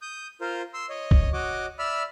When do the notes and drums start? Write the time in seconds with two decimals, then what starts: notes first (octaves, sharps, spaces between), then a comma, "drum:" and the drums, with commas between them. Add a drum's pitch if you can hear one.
0.02 D#6 G6
0.41 F4 A#4 C5
0.74 C6 E6
0.89 C#5 D#5
1.11 drum: kick
1.33 F#4 C#5 D#5 D6
1.79 D5 E5 B5 E6 F6